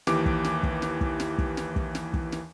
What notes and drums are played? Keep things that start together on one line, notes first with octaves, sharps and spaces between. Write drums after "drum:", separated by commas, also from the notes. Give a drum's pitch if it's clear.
D#2 E3 G4 D6, drum: snare
drum: kick
drum: snare
drum: kick
drum: snare
drum: kick
drum: snare
drum: kick
drum: snare
drum: kick
drum: snare
drum: kick
drum: snare